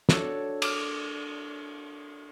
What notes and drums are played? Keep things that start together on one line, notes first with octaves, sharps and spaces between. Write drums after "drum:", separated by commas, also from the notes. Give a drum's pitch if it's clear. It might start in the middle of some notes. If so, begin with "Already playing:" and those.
D4 F#4 A4 C#5, drum: snare
D6 F6, drum: cymbal